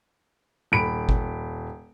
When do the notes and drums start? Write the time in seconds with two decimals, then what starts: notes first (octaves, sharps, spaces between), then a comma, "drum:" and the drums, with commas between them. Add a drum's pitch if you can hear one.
0.72 D#1 B5 D7
1.09 drum: kick G#1